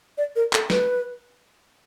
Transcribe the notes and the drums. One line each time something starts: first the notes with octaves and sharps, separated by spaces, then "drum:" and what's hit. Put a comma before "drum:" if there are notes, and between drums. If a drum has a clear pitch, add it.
D5
A#4
A4, drum: clap
B4, drum: snare